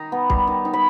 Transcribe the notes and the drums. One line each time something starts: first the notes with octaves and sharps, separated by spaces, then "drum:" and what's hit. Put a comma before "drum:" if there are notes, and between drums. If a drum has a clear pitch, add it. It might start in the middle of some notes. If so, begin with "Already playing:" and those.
Already playing: D#3 D#4 A#5
B3
G3, drum: kick
D#3
D#4
B5